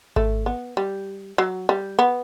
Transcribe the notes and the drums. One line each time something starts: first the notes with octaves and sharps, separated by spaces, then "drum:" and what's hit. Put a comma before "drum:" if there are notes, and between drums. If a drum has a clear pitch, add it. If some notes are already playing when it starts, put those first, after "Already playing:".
A3, drum: kick G#1
B3
G3
F#3
G3
B3